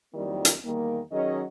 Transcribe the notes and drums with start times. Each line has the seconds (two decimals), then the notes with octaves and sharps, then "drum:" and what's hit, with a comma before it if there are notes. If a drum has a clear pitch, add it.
0.14 F2 D#3 F#3 G3 A#3 E4
0.45 drum: hi-hat
0.64 E2 D#3 G3 A#3
1.12 D#3 F#3 C#4 G#4 D#5